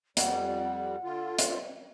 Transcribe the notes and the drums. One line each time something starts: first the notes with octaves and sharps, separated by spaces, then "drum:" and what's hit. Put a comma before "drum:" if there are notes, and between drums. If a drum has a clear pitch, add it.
F2 G3 F#5, drum: hi-hat
D3 F4
drum: hi-hat